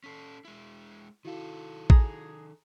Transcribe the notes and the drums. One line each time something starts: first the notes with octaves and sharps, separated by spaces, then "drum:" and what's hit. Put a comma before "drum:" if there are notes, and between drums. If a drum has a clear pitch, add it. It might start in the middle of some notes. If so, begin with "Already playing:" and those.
C#4 A4 B6 C7
G#3 E4
D#3 E4 F#4 A4 F5
G#4 A#5 D#6, drum: kick A1